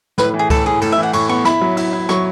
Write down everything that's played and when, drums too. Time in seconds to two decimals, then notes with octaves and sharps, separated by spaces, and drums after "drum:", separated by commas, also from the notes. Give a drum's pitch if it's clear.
0.18 A2 B4, drum: snare
0.34 E3
0.39 G#4
0.50 A2 A4, drum: kick C#2, cymbal
0.66 A2 G#4
0.82 A2 A4, drum: cymbal
0.92 E5
0.97 E3
1.03 F#5
1.13 A2 C#6, drum: cymbal
1.29 B3 C#6
1.45 E4 B5, drum: snare
1.61 F#3
1.77 E4, drum: cymbal
1.93 E4
2.09 F#3 C#6, drum: snare